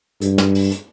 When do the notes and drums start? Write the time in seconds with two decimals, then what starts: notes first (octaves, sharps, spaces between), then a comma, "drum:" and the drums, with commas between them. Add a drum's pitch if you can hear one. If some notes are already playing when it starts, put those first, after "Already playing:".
0.21 G2, drum: hi-hat
0.38 drum: snare
0.55 drum: open hi-hat
0.71 drum: hi-hat